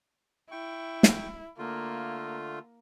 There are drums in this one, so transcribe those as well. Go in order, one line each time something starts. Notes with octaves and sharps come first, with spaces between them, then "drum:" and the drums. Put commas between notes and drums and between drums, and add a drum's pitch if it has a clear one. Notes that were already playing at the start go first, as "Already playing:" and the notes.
E4 G5 C#6
drum: snare
D3 A3 A#3 F4